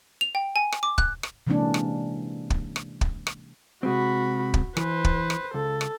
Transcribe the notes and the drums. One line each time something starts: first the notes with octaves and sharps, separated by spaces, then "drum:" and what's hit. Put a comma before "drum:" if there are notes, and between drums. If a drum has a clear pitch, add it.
F7
G5
G#5
drum: rim click
D6
F#6, drum: kick
drum: rim click
C3 E3 G#3 A#3 C#4 D4
drum: rim click
drum: kick
drum: rim click
drum: kick
drum: rim click
C3 G#3 C4 F#4 B5
drum: kick
E3 B4 C5, drum: rim click
drum: kick
drum: rim click
C#2 A4
drum: rim click